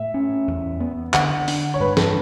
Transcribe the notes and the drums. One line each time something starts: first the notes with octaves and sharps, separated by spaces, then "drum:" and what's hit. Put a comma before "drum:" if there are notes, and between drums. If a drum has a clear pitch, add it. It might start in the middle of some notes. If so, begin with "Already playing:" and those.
Already playing: A2 E5
C#4
E2
B3
D3 F#5, drum: clap
D4, drum: open hi-hat
C#5
G2 B4
A4, drum: snare